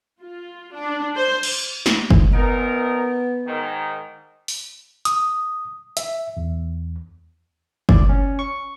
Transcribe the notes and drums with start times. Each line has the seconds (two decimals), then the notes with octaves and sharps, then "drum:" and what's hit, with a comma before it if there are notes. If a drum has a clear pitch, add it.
0.22 F4
0.74 D4
1.16 C5
1.43 drum: cymbal
1.86 drum: snare
2.10 drum: kick F#1
2.34 A#1 B3 D#4 A#4
3.47 G#2 D#3
4.48 drum: open hi-hat
5.05 D#6, drum: hi-hat
5.97 E5, drum: hi-hat
6.37 E2
7.89 D5, drum: kick F#1
8.09 C#4
8.39 C#6